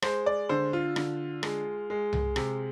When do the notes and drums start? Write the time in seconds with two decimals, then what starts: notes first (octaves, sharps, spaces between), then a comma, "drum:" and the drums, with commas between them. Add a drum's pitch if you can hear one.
0.02 G#3 C5, drum: rim click
0.26 D5
0.49 D3 C5
0.73 F4
0.96 D3, drum: rim click
1.43 G#3, drum: rim click
1.90 G#3
2.13 drum: tom C2
2.36 C3, drum: rim click